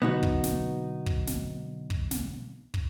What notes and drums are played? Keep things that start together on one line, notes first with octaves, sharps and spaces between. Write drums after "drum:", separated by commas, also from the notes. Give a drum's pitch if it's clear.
B2 D3 F#3 B3 D#4 F#4
drum: kick
drum: snare
drum: kick
drum: snare
drum: kick
drum: snare
drum: kick